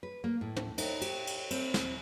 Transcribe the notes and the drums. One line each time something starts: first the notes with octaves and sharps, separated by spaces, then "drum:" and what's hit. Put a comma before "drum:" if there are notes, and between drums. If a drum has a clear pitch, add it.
B4
A#3
A2
drum: tom
D#4, drum: cymbal
G4, drum: cymbal
drum: cymbal
C4, drum: cymbal
drum: snare